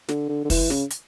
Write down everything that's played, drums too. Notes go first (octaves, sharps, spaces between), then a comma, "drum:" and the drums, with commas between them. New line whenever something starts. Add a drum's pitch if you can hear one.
D3, drum: snare
D3
D3
E3, drum: kick, open hi-hat
C#3, drum: snare
drum: hi-hat